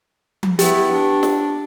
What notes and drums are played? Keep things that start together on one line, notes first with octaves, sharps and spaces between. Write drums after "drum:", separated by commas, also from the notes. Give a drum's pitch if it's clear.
drum: tom F3
B3 E4 G4, drum: hi-hat
D4
drum: snare